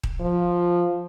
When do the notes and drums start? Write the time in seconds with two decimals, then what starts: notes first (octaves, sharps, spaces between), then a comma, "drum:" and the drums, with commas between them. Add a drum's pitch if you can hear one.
0.03 drum: kick D#1
0.20 F3